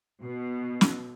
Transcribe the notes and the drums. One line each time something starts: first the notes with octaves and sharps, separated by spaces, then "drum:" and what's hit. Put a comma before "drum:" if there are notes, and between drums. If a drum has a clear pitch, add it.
B2
drum: snare